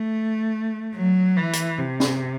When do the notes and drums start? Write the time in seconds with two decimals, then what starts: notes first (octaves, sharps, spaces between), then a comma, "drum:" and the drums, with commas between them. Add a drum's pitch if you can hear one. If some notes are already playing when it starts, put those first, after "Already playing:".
Already playing: A3
0.96 F#3
1.37 E3
1.53 drum: hi-hat
1.78 C3
2.00 drum: snare